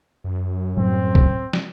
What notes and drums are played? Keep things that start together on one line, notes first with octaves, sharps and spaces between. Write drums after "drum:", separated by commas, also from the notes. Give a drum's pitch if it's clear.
F#2
A2 F#3 G3 C4
drum: kick
drum: snare